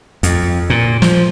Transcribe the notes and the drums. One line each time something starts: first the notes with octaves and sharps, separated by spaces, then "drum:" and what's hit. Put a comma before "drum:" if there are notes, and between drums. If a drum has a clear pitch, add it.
F2, drum: hi-hat
A#2
F3, drum: snare